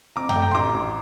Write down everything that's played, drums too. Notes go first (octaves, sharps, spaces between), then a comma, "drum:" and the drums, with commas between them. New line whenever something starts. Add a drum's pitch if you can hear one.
F2 A#5 D6
G5 A#5, drum: tom F#2
A3
G5 A#5
C6
A1 A#5 D6
A1